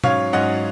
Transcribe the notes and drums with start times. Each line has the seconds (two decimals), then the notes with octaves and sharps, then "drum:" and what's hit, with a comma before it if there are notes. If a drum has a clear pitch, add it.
0.04 G#2 F#3 C#4 C#5 F5, drum: tom
0.33 G#2 F#3 C#4 D#5 F#5